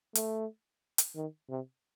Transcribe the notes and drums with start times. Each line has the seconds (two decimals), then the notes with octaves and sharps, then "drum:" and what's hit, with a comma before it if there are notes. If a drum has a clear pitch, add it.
0.15 A3, drum: hi-hat
0.98 drum: hi-hat
1.16 D#3
1.49 C3